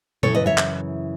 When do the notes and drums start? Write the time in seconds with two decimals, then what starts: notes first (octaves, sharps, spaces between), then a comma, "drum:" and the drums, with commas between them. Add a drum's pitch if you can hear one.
0.23 F#2 C#3 E3 A4 C#5, drum: tom A#2
0.35 B4 D#5
0.46 C#5 E5
0.58 drum: clap